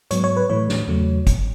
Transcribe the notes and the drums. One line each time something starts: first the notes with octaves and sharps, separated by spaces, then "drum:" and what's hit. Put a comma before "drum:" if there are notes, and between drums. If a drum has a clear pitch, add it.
G#2 F#3 B3 C#5, drum: hi-hat
C#5
B4
A2 E3 A3 C#5
drum: snare
E2 C#3 F#3 A3
drum: kick, hi-hat